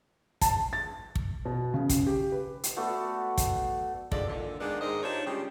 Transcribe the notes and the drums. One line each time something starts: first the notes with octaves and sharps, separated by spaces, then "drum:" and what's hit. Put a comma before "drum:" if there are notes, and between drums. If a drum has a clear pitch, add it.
A5, drum: kick, hi-hat
A6
drum: kick
B2
C#3
drum: kick, hi-hat
G4
B4
drum: hi-hat
A3 B3 F#4 D5
drum: kick, hi-hat
G2 D#3 G#3 F4 A4 D5, drum: kick
A#2 D3
D#3 G#3 A#3 B3 D4
G#2 D#3 G#4 A#4 C5 D#5
D4 D#4 F4 G4 C5 C#5
C#3 G3 G#3 C#4 F4 G4